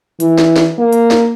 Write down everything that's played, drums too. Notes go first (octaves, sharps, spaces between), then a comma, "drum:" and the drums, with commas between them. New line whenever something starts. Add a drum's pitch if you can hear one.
E3, drum: hi-hat
drum: snare
drum: snare
A#3
drum: hi-hat
drum: snare